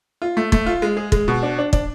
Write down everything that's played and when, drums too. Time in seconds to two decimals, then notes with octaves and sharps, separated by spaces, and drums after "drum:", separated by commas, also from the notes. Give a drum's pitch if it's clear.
0.22 F4
0.37 A3
0.52 A3, drum: kick
0.66 F4
0.82 G#3
0.97 G#4
1.12 G#3, drum: kick
1.28 B2
1.43 D4
1.59 D4
1.73 D4, drum: kick